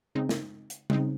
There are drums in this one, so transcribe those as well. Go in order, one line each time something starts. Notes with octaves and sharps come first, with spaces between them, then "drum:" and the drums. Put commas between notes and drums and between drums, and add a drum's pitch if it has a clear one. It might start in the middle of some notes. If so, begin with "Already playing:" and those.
C#3 G#3 C4 D#4
drum: snare
drum: hi-hat
C#3 G#3 C4 D#4, drum: tom G3